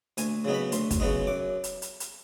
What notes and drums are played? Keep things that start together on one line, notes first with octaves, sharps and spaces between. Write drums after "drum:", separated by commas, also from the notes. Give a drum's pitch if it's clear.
D2 G#5, drum: hi-hat
C#3 F#3 B3 D#4
B5
D2 C6, drum: hi-hat
drum: kick, hi-hat
C#3 F#3 B3 D#4
F#2 D6
drum: hi-hat
drum: hi-hat
drum: hi-hat